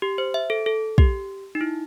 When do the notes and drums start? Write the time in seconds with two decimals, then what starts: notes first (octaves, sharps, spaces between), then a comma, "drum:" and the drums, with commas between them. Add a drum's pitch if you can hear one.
0.02 G4
0.18 C5
0.34 E5
0.50 A4
0.66 A4
0.98 G4, drum: kick
1.55 D#4
1.61 E4